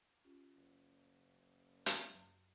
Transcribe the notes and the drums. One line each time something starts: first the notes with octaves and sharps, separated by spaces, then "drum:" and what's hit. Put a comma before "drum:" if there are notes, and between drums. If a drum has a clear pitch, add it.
C#4 F4 G4
F#1
drum: hi-hat
F#2 F#3